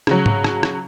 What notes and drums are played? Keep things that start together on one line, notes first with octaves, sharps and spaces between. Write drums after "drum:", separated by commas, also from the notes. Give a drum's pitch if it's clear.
C#3 F#3, drum: rim click
drum: tom G#2
drum: rim click
drum: rim click